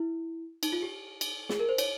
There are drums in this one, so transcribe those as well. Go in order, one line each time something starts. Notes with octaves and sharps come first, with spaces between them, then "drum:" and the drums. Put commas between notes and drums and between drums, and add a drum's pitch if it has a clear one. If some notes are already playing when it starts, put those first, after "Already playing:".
Already playing: E4
D#4, drum: cymbal
F4
G4
drum: cymbal
G#4, drum: snare
A#4
C5
C#5, drum: cymbal